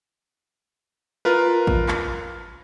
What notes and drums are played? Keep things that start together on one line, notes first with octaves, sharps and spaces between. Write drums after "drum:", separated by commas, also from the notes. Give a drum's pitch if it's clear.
F4 A#4 B4
drum: kick A1
drum: clap